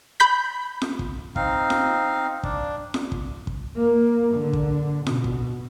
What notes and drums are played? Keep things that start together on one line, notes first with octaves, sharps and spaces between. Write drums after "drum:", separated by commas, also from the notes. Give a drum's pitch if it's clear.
B5 G6 B6
drum: snare F4
drum: kick
C4 D#4 F5, drum: kick
drum: snare F4
D4, drum: kick
drum: snare F4
drum: kick
drum: kick
A#3
D3
drum: kick
B2, drum: snare F4
drum: kick